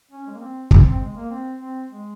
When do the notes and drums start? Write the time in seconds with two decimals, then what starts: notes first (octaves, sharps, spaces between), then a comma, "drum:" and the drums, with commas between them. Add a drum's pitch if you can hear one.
0.12 C#4
0.27 G#3
0.34 A#3
0.41 C4
0.71 C4, drum: kick
0.87 C4
1.01 G#3
1.16 A#3
1.30 C4
1.61 C4
1.91 G#3